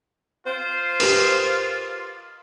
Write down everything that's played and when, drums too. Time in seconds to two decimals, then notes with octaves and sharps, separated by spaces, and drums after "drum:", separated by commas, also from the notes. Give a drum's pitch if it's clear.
0.47 F4 C5
1.00 G4 A#4 B4, drum: cymbal